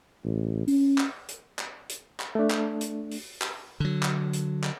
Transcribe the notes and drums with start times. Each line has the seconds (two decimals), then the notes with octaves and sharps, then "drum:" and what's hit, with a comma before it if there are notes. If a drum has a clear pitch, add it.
0.24 A1
0.68 C#4, drum: open hi-hat
0.98 drum: clap
1.28 drum: hi-hat
1.59 drum: clap
1.89 drum: hi-hat
2.20 drum: clap
2.35 A3 D4
2.50 drum: clap
2.81 drum: hi-hat
3.11 drum: open hi-hat
3.42 drum: clap
3.80 D3 F#3
4.03 drum: clap
4.33 drum: hi-hat
4.64 drum: clap